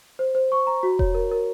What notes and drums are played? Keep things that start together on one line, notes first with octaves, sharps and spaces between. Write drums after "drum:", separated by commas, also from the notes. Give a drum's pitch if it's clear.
C5
C5
C#6
A#5
F#4
C#5, drum: kick E1
A#4
A#4